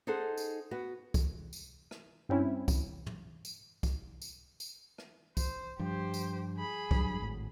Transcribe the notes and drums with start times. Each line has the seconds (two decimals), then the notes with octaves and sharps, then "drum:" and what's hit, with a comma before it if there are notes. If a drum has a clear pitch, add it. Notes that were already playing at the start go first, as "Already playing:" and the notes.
0.07 D#4 G#4 A4 C5 F#5
0.37 drum: tambourine
0.71 B3 F#4
1.14 drum: kick C2, tambourine
1.53 drum: tambourine
1.91 drum: rim click
2.29 G2 C4 C#4 E4
2.68 drum: kick C2, tambourine
3.06 drum: tom
3.45 drum: tambourine
3.83 drum: kick C2, tambourine
4.22 drum: tambourine
4.60 drum: tambourine
4.98 drum: rim click
5.37 C5, drum: kick C2, tambourine
5.79 G2 F3 G4 C5
6.14 drum: tambourine
6.58 G#4 B5
6.91 A1 G2 F#3, drum: kick C2
7.21 G#1 A2